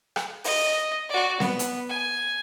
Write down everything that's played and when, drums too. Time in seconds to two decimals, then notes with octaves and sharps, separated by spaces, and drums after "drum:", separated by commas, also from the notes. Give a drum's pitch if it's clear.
0.16 drum: rim click
0.44 D#5, drum: open hi-hat
1.09 F#4 D5
1.40 B3, drum: snare C4
1.59 drum: hi-hat
1.89 G#5